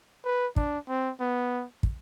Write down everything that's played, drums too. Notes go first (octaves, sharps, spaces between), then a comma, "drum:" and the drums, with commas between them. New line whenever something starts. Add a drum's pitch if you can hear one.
B4
D4, drum: kick
C4
B3
drum: kick